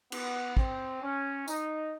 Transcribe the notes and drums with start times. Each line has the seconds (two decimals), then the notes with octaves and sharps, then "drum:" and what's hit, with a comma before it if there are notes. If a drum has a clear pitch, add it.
0.12 B3, drum: cymbal
0.57 C4, drum: kick
1.02 C#4
1.48 D#4, drum: tambourine